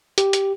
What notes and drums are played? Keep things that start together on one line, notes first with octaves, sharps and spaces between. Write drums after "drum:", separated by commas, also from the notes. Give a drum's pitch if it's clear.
G4, drum: hi-hat
drum: hi-hat